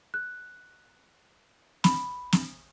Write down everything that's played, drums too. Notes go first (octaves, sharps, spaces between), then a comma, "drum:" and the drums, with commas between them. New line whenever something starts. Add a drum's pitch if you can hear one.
F#6
B5, drum: snare
drum: snare